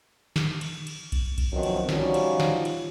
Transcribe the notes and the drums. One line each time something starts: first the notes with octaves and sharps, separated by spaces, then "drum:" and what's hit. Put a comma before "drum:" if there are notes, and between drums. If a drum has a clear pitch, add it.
drum: snare
drum: cymbal
drum: cymbal
drum: kick B1, cymbal
drum: kick B1, cymbal
F#2 B2 D#3 F3 F#3 C4
drum: cymbal
F3 G3 C#4 D#4 F4 F#4, drum: snare
drum: cymbal
drum: snare
drum: cymbal